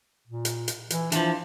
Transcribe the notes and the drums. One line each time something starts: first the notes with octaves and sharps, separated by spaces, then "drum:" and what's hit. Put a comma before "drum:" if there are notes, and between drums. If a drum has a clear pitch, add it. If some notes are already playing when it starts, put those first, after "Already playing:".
A#2
drum: hi-hat
drum: hi-hat
E3, drum: hi-hat
E3 F3 D4, drum: hi-hat